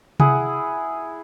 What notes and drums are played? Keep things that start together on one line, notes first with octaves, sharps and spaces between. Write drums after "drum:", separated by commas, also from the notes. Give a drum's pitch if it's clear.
E4 G#4 F#5, drum: tom C3